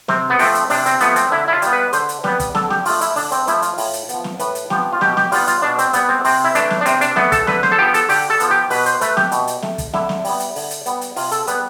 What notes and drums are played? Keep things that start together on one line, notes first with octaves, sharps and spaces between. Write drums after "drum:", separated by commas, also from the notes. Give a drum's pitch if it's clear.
C3 C4, drum: snare
B3
F3 A3 C4, drum: open hi-hat
drum: hi-hat
C3 D4, drum: open hi-hat
C4, drum: hi-hat
F3 A3 B3, drum: hi-hat
C4, drum: hi-hat
D3 E4
E4
F4
G3 B3, drum: hi-hat
B4
D3 C5, drum: hi-hat
drum: hi-hat
G3 B3 B4, drum: snare
drum: kick, hi-hat
D3 A4, drum: snare
G4, drum: snare
F3 A3 F4, drum: open hi-hat
E4, drum: hi-hat
D3 D4, drum: open hi-hat
C4, drum: hi-hat
F3 A3 E4, drum: hi-hat
F4, drum: hi-hat
A2, drum: open hi-hat
drum: hi-hat
F3 B3, drum: hi-hat
drum: snare
A2 B4, drum: hi-hat
drum: hi-hat
F3 B3 G4, drum: snare
F4
B2 G4, drum: snare
G4, drum: snare
G3 B3 F4, drum: open hi-hat
F4, drum: hi-hat
B2 D4
C4, drum: hi-hat
G3 B3, drum: hi-hat
C4
C3 C4, drum: open hi-hat
E4
E3 A3 D4, drum: hi-hat
drum: snare
D4
C3 C4, drum: hi-hat
D4, drum: hi-hat
E3 A3 B3, drum: snare
A4, drum: kick, hi-hat
D3 B4, drum: snare
C5, drum: snare
A4
F3 B3 G4
A4, drum: hi-hat
D3 G4, drum: open hi-hat
A4
F3 B3, drum: hi-hat
G4
B2 B4, drum: open hi-hat
C5, drum: hi-hat
A3 B4, drum: hi-hat
G4, drum: snare
B2, drum: hi-hat
drum: hi-hat
A3, drum: snare
drum: kick, hi-hat
D3 E4, drum: snare
drum: snare
G3 B3, drum: open hi-hat
drum: hi-hat
D3, drum: open hi-hat
drum: hi-hat
G3 B3, drum: hi-hat
drum: hi-hat
C3 F4, drum: open hi-hat
A4, drum: hi-hat
G3 B3 B4, drum: hi-hat